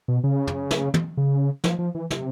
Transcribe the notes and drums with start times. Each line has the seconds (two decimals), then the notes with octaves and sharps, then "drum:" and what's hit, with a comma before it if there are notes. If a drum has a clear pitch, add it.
0.08 B2
0.24 C#3
0.47 drum: tom
0.71 drum: snare
0.94 drum: tom
1.17 C#3
1.64 F3, drum: snare
1.79 F3
1.95 E3
2.11 C3, drum: snare